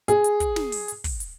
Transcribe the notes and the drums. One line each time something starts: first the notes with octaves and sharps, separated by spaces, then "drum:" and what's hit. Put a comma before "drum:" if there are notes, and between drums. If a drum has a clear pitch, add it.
G#4, drum: hi-hat
drum: hi-hat
drum: kick, hi-hat
drum: snare
drum: open hi-hat
drum: hi-hat
drum: kick, open hi-hat
drum: hi-hat